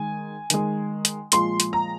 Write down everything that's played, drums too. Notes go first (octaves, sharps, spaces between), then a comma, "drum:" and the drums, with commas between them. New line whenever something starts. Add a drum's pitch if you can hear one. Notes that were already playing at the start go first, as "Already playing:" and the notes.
Already playing: D#3 G#3 G#5
D#3 G#3, drum: hi-hat
drum: hi-hat
A#2 F3 G#3 C6, drum: hi-hat
drum: hi-hat
A#5